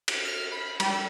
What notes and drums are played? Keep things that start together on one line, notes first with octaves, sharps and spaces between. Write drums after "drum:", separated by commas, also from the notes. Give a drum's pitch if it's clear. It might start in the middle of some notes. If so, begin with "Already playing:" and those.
drum: cymbal
F6
B5
G3, drum: cymbal
E6